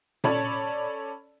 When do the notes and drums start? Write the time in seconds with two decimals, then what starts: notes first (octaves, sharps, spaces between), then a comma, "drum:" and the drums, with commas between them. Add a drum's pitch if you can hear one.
0.24 C#4 A4 C#5 D5 A5 B5, drum: tom A#2